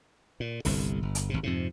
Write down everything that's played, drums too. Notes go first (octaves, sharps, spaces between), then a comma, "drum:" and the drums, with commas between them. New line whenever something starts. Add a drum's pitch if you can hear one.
A#2
G1 C2 D3, drum: open hi-hat
G1
drum: hi-hat
G#1 C3
F2 G#2 C3